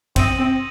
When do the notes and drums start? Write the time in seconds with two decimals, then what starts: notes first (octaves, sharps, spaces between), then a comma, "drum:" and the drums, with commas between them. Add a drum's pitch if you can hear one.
0.16 C4 D#6 A#6 D#7 F#7, drum: kick, cymbal
0.38 C4